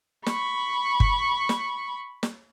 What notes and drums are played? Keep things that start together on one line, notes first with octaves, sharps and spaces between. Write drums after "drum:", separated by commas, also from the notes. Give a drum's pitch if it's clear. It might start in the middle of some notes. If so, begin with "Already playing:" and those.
B5 C#6, drum: snare
drum: kick G1
drum: snare
drum: snare